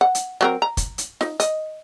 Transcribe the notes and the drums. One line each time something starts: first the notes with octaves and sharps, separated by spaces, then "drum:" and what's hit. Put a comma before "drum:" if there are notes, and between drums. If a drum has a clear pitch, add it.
F#5
drum: hi-hat
F#3 C4 A#4
A#5
drum: kick, hi-hat
drum: hi-hat
D#4, drum: snare
D#5, drum: hi-hat